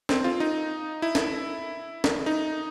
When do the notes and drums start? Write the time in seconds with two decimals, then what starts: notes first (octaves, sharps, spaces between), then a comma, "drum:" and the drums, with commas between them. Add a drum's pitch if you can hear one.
0.09 C4, drum: snare
0.24 F4
0.40 D#4
1.02 E4
1.15 drum: snare
2.04 drum: snare
2.26 D#4